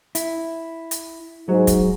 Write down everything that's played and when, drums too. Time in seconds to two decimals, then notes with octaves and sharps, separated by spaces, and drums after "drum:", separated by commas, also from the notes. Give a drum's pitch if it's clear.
0.15 E4, drum: hi-hat
0.91 drum: hi-hat
1.49 G#2 F#3
1.67 drum: kick, hi-hat